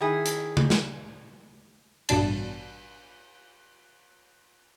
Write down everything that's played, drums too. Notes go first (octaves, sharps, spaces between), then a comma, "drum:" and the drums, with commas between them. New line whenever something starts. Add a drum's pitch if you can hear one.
D#3 E4 G#4
drum: hi-hat
drum: tom C#3
drum: snare
A1 G2 B2 D4 A5, drum: cymbal